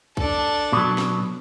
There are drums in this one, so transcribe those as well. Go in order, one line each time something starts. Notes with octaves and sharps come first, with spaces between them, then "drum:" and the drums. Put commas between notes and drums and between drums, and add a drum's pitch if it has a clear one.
D4 A4, drum: kick A#1
B2 F#3
drum: snare